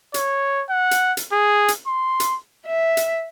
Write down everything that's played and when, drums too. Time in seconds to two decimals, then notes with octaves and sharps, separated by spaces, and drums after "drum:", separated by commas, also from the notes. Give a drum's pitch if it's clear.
0.14 C#5, drum: hi-hat
0.70 F#5
0.91 drum: hi-hat
1.17 drum: hi-hat
1.32 G#4
1.68 drum: hi-hat
1.87 C6
2.20 drum: hi-hat
2.67 E5
2.97 drum: hi-hat